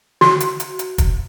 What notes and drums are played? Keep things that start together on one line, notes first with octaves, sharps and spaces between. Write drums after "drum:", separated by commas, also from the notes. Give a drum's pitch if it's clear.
F#4, drum: snare
drum: hi-hat
drum: hi-hat
drum: hi-hat
drum: kick, hi-hat